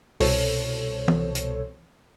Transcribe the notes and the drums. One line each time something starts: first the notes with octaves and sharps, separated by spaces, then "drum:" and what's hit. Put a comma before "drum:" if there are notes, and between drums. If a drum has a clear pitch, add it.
C2 B2 A4 C5 C#5, drum: open hi-hat
drum: tom E3
drum: hi-hat